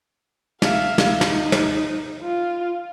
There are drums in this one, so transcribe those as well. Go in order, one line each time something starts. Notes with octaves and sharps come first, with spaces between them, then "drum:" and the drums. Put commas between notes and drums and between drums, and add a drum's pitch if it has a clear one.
E5 F5, drum: snare
drum: snare
D#4, drum: snare
drum: snare
F4